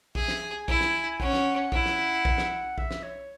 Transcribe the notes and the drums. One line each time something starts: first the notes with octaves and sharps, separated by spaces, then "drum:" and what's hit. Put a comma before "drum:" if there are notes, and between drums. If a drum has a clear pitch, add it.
G#4 E5, drum: kick
drum: snare
G#5
E4, drum: kick
drum: snare
C#4 F#5, drum: kick
drum: snare
E4, drum: kick
drum: snare
drum: kick
drum: snare
E5, drum: kick
drum: snare
C#5